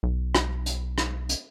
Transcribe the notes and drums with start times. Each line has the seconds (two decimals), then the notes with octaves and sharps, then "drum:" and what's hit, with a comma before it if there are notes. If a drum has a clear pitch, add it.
0.03 B1
0.35 drum: rim click
0.66 drum: hi-hat
0.98 drum: rim click
1.29 drum: hi-hat